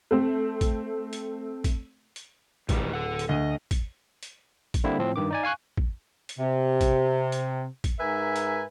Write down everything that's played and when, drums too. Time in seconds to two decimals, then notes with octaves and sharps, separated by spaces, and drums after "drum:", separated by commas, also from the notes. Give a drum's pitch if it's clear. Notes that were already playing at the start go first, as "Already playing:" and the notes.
0.11 A3 C4
0.61 drum: kick, hi-hat
1.13 drum: hi-hat
1.64 drum: kick, hi-hat
2.16 drum: hi-hat
2.69 D1 G#2 D#3 G3, drum: kick, hi-hat
2.93 A4 F#5
3.19 drum: hi-hat
3.29 D2 D#5
3.71 drum: kick, hi-hat
4.23 drum: hi-hat
4.74 drum: kick, hi-hat
4.84 D3 G3 A#3 C4 E4
4.99 A2 F3 C4
5.16 G2 D#3 D6
5.30 D#4 D5 G#5
5.43 F5 G#5 C#6 F#6
5.77 drum: kick
6.29 drum: hi-hat
6.39 C3
6.81 drum: kick, hi-hat
7.32 drum: hi-hat
7.84 drum: kick, hi-hat
7.99 G#2 A#4 B4 E5 G#5
8.36 drum: hi-hat